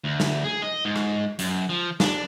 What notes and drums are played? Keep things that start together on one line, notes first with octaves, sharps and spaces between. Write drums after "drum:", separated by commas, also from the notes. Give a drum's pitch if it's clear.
D2
drum: snare
G#4
D#5
G#2
drum: rim click
F#2, drum: hi-hat
F3
D4, drum: snare